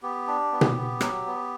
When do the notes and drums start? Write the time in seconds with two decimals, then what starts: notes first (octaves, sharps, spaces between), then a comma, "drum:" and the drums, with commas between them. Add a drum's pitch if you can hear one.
0.03 B3 G4
0.27 D4
0.52 B3
0.61 drum: tom B2
0.77 B3
1.01 F#3, drum: rim click
1.26 B3